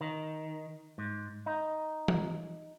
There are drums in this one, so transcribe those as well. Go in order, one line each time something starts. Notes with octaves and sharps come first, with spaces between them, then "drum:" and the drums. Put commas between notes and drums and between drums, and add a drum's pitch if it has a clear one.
D#3
G#2
D#4
drum: tom E3